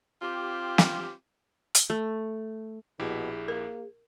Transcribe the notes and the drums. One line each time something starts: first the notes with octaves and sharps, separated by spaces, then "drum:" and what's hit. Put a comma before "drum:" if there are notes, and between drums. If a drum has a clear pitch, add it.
C4 F4 G4
drum: snare
drum: hi-hat
A3
A#1 B2 E4 G4 G#4
A#3 A#4